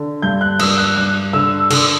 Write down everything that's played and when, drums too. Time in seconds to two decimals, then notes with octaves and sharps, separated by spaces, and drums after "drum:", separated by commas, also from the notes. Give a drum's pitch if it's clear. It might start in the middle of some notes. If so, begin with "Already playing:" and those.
Already playing: D3
0.22 G2 G6
0.41 F#6
0.59 G2 E6, drum: cymbal
0.78 F#6
0.96 G2 F#6
1.33 D3 E6
1.70 D3, drum: cymbal